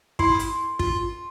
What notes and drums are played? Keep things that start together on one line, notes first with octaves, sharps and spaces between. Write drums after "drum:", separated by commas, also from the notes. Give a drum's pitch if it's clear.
E4 C6, drum: kick
drum: hi-hat
F4, drum: kick